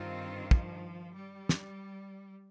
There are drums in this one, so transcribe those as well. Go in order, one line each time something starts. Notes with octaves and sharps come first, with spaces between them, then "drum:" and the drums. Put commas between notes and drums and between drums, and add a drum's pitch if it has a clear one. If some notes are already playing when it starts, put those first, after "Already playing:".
Already playing: G2 D#3 C4 F4
F3, drum: kick
G3
drum: snare